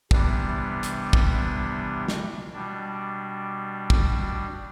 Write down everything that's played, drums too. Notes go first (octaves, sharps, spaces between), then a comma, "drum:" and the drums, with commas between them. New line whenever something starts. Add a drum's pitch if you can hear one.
C3 E3 G3 B3 D4, drum: kick
drum: hi-hat
drum: kick
drum: snare
B2 G3 D4
drum: kick